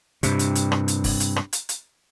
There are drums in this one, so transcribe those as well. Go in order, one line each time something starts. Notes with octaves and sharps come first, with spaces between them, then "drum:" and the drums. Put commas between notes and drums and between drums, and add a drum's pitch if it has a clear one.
G2 C3, drum: hi-hat
drum: hi-hat
drum: hi-hat
drum: rim click
drum: hi-hat
drum: kick F#1, open hi-hat
drum: hi-hat
drum: rim click
drum: hi-hat
drum: hi-hat